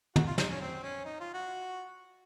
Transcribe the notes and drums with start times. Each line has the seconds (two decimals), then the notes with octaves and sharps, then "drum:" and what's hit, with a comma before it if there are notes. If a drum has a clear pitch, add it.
0.16 F#4, drum: tom
0.27 F4
0.38 D#4, drum: snare
0.49 C#4
0.61 C4
0.83 C#4
1.05 D#4
1.20 F4
1.34 F#4